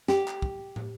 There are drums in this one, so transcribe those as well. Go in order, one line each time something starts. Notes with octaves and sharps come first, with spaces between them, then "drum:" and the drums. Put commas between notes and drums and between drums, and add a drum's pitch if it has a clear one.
G4, drum: snare
drum: clap
drum: kick
drum: tom